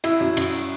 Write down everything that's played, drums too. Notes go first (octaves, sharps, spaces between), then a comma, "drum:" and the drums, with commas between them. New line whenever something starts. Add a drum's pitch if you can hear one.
E4, drum: cymbal
F#2
F#2, drum: cymbal